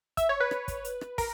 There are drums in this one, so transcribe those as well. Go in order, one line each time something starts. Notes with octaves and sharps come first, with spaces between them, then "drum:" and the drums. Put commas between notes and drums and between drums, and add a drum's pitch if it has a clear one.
E5, drum: kick, hi-hat
C#5
B4
drum: rim click
drum: kick, hi-hat
drum: hi-hat
drum: rim click
A#4, drum: kick, open hi-hat